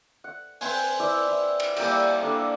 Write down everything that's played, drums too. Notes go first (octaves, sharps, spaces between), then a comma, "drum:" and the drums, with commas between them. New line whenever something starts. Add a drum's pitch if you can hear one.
F#5
C4 B4 C5 G#5, drum: open hi-hat
E4 D5 E5
E4
drum: cymbal
G3 A#3 E5 G5, drum: cymbal
A#3 D4 A4 E6